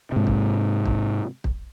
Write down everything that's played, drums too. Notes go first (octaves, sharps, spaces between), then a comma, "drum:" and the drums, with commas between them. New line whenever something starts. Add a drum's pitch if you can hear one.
G#2 C3
drum: kick
drum: kick
drum: kick